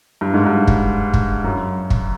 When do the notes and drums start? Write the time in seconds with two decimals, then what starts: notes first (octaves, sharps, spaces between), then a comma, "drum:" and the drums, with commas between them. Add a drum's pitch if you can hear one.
0.21 G2
0.34 G#2
0.46 G2
0.67 drum: kick
1.14 drum: kick
1.44 F#2
1.90 drum: kick